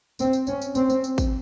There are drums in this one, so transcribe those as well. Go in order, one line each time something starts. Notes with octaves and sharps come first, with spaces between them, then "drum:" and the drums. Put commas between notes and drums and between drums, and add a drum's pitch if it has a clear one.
C4, drum: tambourine
drum: tambourine
C#4, drum: tambourine
drum: tambourine
C4, drum: tambourine
drum: tambourine
drum: tambourine
drum: kick A1, tambourine